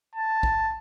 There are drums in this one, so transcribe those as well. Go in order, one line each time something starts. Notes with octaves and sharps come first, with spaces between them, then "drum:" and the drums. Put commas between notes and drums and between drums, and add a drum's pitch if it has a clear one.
A5
drum: kick